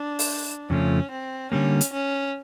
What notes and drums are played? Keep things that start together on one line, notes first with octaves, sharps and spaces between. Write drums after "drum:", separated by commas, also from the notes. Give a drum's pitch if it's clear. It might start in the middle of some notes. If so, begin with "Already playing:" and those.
Already playing: D4
drum: open hi-hat
F2 C#3 F3 A3 C#4
C4
D3 G3 A#3 C#4
drum: hi-hat
C#4